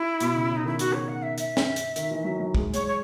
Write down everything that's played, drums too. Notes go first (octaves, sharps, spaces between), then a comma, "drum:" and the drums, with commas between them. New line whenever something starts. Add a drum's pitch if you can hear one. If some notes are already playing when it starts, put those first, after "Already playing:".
Already playing: E4
B2, drum: hi-hat
C#3
C#3
D#4
D#3 E4
F#4, drum: hi-hat
C#5
F#5
E5
E5, drum: hi-hat
drum: snare
drum: hi-hat
D#3, drum: hi-hat
E3
F#3
F#3
G#3, drum: kick
G#3 C#5, drum: hi-hat
C#5